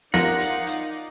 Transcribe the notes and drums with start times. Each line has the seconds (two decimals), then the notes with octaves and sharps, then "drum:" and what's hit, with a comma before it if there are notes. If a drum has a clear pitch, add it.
0.14 D#4 F4 A#4 D5 F5 F#5 A#6, drum: snare
0.40 drum: hi-hat
0.67 drum: hi-hat